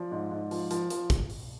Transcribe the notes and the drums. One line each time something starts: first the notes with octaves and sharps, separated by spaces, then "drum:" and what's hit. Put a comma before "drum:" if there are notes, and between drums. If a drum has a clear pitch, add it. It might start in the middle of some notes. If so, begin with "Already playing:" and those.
Already playing: F3 D5
G#2
G#2
F3, drum: open hi-hat
F3, drum: hi-hat
F3, drum: hi-hat
drum: kick, hi-hat
drum: open hi-hat